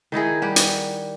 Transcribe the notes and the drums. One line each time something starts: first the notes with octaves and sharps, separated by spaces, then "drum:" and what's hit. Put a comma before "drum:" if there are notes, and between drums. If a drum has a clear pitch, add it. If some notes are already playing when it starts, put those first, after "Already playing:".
D#3 D#4 E4 G#4
G3 G4 F#5
drum: hi-hat